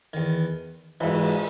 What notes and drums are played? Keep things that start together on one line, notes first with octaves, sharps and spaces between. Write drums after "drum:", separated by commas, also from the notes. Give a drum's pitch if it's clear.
E2 D#3
G#2 E3, drum: cymbal